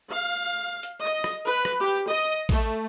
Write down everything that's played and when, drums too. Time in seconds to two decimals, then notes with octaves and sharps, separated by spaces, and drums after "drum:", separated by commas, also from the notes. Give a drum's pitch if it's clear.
0.11 F5
0.83 drum: hi-hat
1.00 D#5
1.24 drum: rim click
1.45 B4
1.65 drum: rim click
1.81 G4
2.10 D#5
2.49 A3, drum: kick, open hi-hat